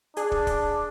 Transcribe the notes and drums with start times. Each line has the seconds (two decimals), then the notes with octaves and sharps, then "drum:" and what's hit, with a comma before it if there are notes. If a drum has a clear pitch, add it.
0.16 D4 G#4, drum: hi-hat
0.32 drum: kick
0.47 drum: kick, hi-hat